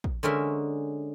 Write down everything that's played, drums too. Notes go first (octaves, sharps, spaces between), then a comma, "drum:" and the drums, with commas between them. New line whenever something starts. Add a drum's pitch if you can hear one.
drum: kick
D3 G#3 C#4 A#4 E5